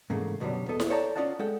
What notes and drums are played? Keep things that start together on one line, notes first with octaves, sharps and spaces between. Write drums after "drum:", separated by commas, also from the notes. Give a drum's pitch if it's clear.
G#2 C#3 E3 A3 A#3
F#2 B2 D3 D#3 F#3 G3
E2 B3 A4 D#5
drum: snare E4
A4 C#5 D5 G5 A5 A#5
C#4 F4 D5 D#5 F#5 A5
G#3 A4 F#5 G5